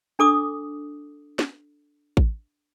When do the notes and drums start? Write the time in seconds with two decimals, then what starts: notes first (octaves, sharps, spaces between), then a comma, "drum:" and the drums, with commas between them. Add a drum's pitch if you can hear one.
0.19 D4 A4 D6 D#6
1.39 drum: snare
2.17 drum: kick A1